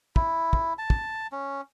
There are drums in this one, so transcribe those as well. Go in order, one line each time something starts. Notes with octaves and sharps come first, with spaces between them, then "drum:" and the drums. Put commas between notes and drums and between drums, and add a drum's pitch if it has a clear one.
E4, drum: kick
drum: kick
A5
drum: kick
C#4